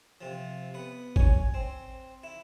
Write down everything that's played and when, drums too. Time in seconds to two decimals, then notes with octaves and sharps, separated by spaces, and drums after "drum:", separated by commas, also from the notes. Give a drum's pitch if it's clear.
0.21 C3 F3
0.74 B3 B4
1.16 C#5 G#5, drum: kick
1.54 C4
2.24 E4